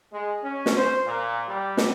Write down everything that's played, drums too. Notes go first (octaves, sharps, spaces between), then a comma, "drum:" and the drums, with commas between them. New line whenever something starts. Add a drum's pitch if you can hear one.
G#3
C#4
drum: snare
C5
A#2
G3
drum: snare